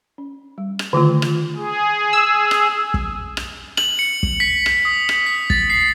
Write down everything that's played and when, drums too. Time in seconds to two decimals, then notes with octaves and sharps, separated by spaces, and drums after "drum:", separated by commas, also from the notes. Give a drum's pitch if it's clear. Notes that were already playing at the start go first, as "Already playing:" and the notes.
0.18 C#4
0.58 G3
0.79 drum: rim click
0.93 D3 D#3 A3 F4
1.22 drum: rim click
1.57 G#4
2.13 E6
2.51 drum: rim click
2.94 drum: kick
3.37 drum: rim click
3.77 F#7, drum: rim click
3.99 C#7
4.23 drum: kick
4.40 B6
4.66 drum: rim click
4.85 D#6
5.09 drum: rim click
5.26 B6
5.50 A6, drum: kick
5.70 C7